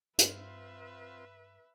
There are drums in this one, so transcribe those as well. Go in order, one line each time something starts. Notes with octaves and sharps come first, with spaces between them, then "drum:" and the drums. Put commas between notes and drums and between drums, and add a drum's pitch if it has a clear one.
G2 C4 F4 B4 E5, drum: hi-hat